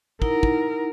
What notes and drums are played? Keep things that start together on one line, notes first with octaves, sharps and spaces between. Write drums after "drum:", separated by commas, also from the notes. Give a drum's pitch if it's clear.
D#4 E4 A#4 F#5, drum: kick
drum: kick